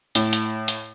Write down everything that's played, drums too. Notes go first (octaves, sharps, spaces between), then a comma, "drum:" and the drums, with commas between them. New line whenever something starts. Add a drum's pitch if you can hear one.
A2, drum: hi-hat
drum: hi-hat
drum: hi-hat